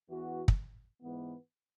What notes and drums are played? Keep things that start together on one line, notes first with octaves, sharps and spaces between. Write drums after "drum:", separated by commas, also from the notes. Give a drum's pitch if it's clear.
E2 E3 B3 F#4
drum: kick
G#2 E3 B3